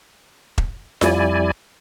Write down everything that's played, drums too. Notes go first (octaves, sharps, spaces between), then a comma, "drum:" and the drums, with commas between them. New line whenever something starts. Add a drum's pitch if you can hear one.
drum: kick E1
F2 G3 E4 D5 G#5, drum: snare F4